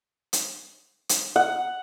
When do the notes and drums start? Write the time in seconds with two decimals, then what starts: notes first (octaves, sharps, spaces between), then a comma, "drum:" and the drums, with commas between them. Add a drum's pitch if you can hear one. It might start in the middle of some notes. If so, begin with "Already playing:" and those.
0.33 drum: hi-hat
1.09 drum: hi-hat
1.36 F#5